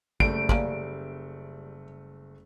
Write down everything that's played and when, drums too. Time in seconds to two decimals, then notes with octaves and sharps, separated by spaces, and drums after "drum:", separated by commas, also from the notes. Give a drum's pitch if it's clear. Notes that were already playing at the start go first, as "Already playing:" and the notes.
0.20 F#1 G3 A3 D7, drum: kick
0.49 A#3 C#4 D5, drum: kick